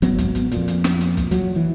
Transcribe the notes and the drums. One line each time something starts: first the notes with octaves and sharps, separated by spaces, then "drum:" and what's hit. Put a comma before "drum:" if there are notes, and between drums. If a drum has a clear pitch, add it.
G#1 F#3 B3, drum: hi-hat
drum: kick, hi-hat
drum: hi-hat
F2 A#2, drum: hi-hat
drum: hi-hat
drum: snare
drum: hi-hat
drum: kick, hi-hat
F#3, drum: hi-hat
E3